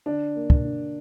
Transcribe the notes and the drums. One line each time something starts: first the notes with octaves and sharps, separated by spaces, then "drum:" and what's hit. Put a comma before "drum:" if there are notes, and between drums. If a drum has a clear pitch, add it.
D3 D4
A#3
drum: kick
D3